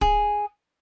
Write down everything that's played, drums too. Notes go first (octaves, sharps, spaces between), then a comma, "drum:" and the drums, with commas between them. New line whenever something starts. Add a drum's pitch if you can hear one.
G#4, drum: kick